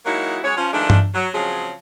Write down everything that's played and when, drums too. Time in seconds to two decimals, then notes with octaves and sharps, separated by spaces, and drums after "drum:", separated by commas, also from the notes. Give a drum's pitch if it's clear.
0.06 F#3 G#3 A#3 D#4 E4 F#4
0.44 F#2 G#3 C#4 C#5
0.57 F3 C#4
0.73 D#3 F3 G#3 A3 D4
0.90 drum: tom G2
1.15 F#3
1.34 C#3 F3 F#3 G#3 C4 G#4